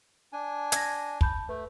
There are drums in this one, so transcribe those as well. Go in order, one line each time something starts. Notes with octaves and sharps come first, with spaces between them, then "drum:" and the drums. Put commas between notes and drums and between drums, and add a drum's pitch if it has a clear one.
D4 G#5
G#6 A#6, drum: hi-hat
A5 B5 G6, drum: kick
A3 B4